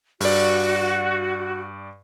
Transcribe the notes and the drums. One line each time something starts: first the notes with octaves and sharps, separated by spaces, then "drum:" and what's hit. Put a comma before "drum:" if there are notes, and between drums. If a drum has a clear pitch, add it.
G2 F#4 D5, drum: open hi-hat